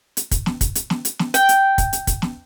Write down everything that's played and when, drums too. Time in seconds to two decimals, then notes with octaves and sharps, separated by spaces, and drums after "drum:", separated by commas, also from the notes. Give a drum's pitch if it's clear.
0.17 drum: hi-hat
0.31 drum: kick, hi-hat
0.46 drum: snare
0.61 drum: kick, hi-hat
0.75 drum: hi-hat
0.90 drum: snare
1.05 drum: hi-hat
1.19 drum: snare
1.34 G5, drum: hi-hat
1.49 drum: hi-hat
1.78 drum: kick, hi-hat
1.93 drum: hi-hat
2.07 drum: kick, hi-hat
2.22 drum: snare